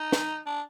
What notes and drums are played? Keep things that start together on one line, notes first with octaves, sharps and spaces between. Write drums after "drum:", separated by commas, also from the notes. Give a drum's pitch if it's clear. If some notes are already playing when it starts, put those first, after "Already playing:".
Already playing: D#4
drum: snare
D4